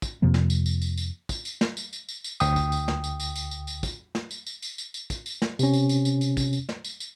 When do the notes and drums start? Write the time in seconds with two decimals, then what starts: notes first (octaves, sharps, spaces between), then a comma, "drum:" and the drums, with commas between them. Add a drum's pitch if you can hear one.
0.02 drum: kick, tambourine
0.22 F2 C3 F3 A#3
0.34 drum: snare
0.50 drum: tambourine
0.66 drum: tambourine
0.82 drum: tambourine
0.97 drum: tambourine
1.29 drum: kick, tambourine
1.45 drum: tambourine
1.61 drum: snare
1.77 drum: tambourine
1.93 drum: tambourine
2.09 drum: tambourine
2.24 drum: tambourine
2.40 D2 G5 D#6, drum: tambourine
2.56 drum: kick, tambourine
2.72 drum: tambourine
2.88 drum: snare
3.04 drum: tambourine
3.20 drum: tambourine
3.35 drum: tambourine
3.51 drum: tambourine
3.67 drum: tambourine
3.83 drum: kick, tambourine
4.15 drum: snare
4.31 drum: tambourine
4.47 drum: tambourine
4.62 drum: tambourine
4.78 drum: tambourine
4.94 drum: tambourine
5.10 drum: kick, tambourine
5.26 drum: tambourine
5.42 drum: snare
5.59 C3 C#4, drum: tambourine
5.73 drum: tambourine
5.89 drum: tambourine
6.05 drum: tambourine
6.21 drum: tambourine
6.37 drum: kick, tambourine
6.53 drum: tambourine
6.69 drum: snare
6.85 drum: tambourine
7.00 drum: tambourine